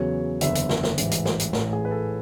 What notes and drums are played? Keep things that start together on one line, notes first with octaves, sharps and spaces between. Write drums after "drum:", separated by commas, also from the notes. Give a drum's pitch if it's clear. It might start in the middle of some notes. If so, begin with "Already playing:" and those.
Already playing: E2 C#3 F#3 C#5
F#1 E2 D3 E5, drum: hi-hat
drum: hi-hat
drum: snare
drum: snare
A1 G#2 E3, drum: hi-hat
drum: hi-hat
drum: snare
drum: hi-hat
A1 A2 E3, drum: snare
G#4
B4
A4